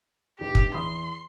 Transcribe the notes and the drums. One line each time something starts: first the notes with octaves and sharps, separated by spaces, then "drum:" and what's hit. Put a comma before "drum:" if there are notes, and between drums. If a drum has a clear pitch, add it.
F1 D4 G4
drum: kick
E2 B5 C6 D#6